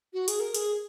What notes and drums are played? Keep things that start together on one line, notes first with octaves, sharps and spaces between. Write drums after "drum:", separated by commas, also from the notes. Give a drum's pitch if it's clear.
F#4
G#4, drum: hi-hat
A#4
G#4, drum: hi-hat